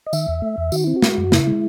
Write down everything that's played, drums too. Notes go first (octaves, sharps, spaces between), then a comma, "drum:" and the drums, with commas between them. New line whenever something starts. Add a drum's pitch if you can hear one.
D#5
D#3 E5, drum: tambourine
E2
A3
E2
D#3 F#4, drum: tambourine
C4 E4
F#4
G#3, drum: snare
F#2
C#3 E4, drum: snare
G#3